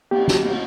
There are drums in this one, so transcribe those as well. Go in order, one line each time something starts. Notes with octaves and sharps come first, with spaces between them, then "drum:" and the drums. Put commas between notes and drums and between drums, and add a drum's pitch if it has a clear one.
G4, drum: cymbal
drum: snare
drum: cymbal